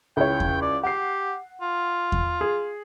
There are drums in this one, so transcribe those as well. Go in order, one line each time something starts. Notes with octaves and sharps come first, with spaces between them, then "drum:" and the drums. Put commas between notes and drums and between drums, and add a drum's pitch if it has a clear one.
C#2 E4 C#5 G5
drum: kick E2
D5
G4 F#5 C7
F4
drum: kick E2
G#4